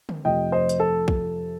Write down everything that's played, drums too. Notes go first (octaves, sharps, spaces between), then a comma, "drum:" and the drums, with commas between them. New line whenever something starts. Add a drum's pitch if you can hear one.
drum: tom D3
F2 C3 F3 A3 D#5 G5
C5 D#5
drum: hi-hat
A4
A4, drum: kick